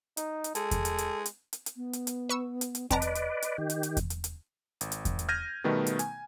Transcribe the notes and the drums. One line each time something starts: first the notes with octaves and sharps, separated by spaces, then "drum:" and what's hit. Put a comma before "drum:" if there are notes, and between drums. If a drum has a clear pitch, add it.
D#4, drum: hi-hat
drum: hi-hat
G#3 A4, drum: hi-hat
drum: kick E2, hi-hat
drum: hi-hat
drum: hi-hat
drum: hi-hat
drum: hi-hat
drum: hi-hat
B3
drum: hi-hat
drum: hi-hat
B4 C#6 E6
drum: hi-hat
drum: hi-hat
C4 B4 D5 D#5 A5 A#5, drum: kick E2, hi-hat
drum: hi-hat
drum: hi-hat
drum: hi-hat
D#3 G4
drum: hi-hat
drum: hi-hat
drum: kick E2, hi-hat
drum: hi-hat
drum: hi-hat
G#1, drum: hi-hat
drum: hi-hat
drum: kick E2, hi-hat
drum: hi-hat
F6 G6 G#6 A#6 D#7
B2 D#3 G3 A3 B3
drum: hi-hat
G#5, drum: hi-hat